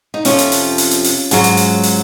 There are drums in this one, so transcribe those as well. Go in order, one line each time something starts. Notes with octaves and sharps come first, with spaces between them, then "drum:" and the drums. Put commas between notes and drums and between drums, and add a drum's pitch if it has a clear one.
D#4
F2 C3 F3 C#4 F4, drum: open hi-hat
drum: hi-hat
drum: open hi-hat
drum: open hi-hat
drum: hi-hat
drum: open hi-hat
G#2 F#3, drum: open hi-hat
drum: hi-hat
drum: open hi-hat
drum: open hi-hat